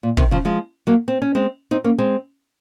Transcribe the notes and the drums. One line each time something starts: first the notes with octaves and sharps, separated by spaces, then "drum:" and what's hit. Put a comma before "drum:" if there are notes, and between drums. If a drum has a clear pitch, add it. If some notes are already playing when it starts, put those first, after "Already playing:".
A#2
C3 D#3, drum: kick
C#3 F3
F3 G#3
F#3 A#3
C4
C#4
G#3 C4
C4 D#4
A#3 C#4
G#3 C4